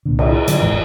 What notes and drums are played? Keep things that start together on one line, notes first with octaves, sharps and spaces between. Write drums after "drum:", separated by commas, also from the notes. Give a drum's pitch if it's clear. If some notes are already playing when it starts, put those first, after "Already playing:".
C2 A#2 D3
drum: cymbal
D3 F#3, drum: hi-hat
D#1 G#1 G#2 E3